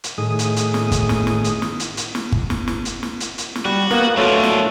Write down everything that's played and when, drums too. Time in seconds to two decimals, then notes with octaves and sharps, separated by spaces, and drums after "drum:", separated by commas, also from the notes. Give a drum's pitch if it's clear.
0.04 drum: hi-hat
0.18 A2 D#3 G#4 D#6
0.39 drum: hi-hat
0.56 drum: hi-hat
0.74 drum: snare
0.92 drum: kick G1, hi-hat
1.09 drum: snare
1.27 drum: snare
1.44 drum: hi-hat
1.62 drum: snare
1.80 drum: hi-hat
1.97 drum: hi-hat
2.15 drum: snare
2.32 drum: kick G1
2.50 drum: snare
2.68 drum: snare
2.85 drum: hi-hat
3.03 drum: snare
3.20 drum: hi-hat
3.38 drum: hi-hat
3.56 drum: snare
3.65 G3 F#4
3.91 A#3 B3, drum: snare
4.17 F#3 A3 D4 F4 F#4 C#5
4.44 drum: snare